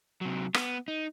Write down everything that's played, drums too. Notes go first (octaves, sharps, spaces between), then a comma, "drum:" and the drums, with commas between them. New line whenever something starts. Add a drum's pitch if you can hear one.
C3 F#3
B3, drum: rim click
D#4